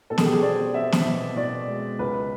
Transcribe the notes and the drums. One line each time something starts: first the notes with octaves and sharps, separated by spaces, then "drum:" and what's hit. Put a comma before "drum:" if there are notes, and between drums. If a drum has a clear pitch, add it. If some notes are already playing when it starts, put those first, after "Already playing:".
B2 A4
G#4, drum: snare
G4
G#4
C4 D5
C4 E5
drum: snare
B2
B2 D5
G#3
C#2 B4